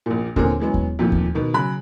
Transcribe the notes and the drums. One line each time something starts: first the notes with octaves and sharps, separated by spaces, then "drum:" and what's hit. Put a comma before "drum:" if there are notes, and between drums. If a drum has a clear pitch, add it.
A#1 A#2
A#2 D3 C4 C#4 G#4 A#4, drum: kick D#2
E3 F#3 G#3 B3 C#4
drum: kick D#2
F2 A#2 D#3 F3 A3
drum: kick D#2
B2 D#3 B3
C#3 F#3 B5 F#6